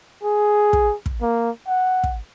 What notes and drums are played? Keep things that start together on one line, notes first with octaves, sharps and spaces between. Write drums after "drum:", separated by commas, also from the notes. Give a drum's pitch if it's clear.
G#4
drum: kick
drum: kick
A#3
F#5
drum: kick